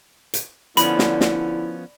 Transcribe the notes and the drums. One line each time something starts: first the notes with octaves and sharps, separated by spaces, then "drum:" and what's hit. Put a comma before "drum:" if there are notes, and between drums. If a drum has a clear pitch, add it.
drum: hi-hat
D3 F3 B3 C#4 E4 B5, drum: hi-hat
drum: snare
drum: snare